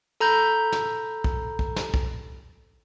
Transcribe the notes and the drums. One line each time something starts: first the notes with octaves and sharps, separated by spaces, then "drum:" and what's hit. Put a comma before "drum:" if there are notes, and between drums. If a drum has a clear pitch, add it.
A4 A#5 B5 G6
drum: snare
drum: kick
drum: kick
drum: snare
drum: kick